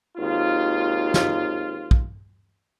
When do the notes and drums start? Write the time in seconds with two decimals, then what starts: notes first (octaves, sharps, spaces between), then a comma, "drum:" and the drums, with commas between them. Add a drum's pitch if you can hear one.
0.18 G#1 D#2 F4
1.14 drum: snare
1.91 drum: kick